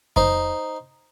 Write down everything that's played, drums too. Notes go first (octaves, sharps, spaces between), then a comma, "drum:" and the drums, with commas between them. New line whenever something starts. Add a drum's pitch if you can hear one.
D#4 C5, drum: kick F2